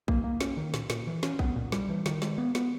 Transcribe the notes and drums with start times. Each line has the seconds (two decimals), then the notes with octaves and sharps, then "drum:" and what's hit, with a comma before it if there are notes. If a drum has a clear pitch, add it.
0.08 A#3, drum: kick A#1
0.24 A#3
0.41 C#4, drum: snare
0.57 D#3
0.74 A#2, drum: snare
0.90 A#2, drum: snare
1.07 E3
1.23 C#4, drum: snare
1.39 B3, drum: kick A#1
1.56 A#2
1.72 G3, drum: snare
1.89 E3
2.06 D#3, drum: snare
2.22 G#3, drum: snare
2.38 B3
2.55 B3, drum: snare